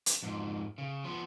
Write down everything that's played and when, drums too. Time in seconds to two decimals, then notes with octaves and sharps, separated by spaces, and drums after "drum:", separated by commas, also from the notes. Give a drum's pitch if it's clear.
0.06 drum: hi-hat
0.23 F2 G#2
0.78 C#3
1.04 F3 B3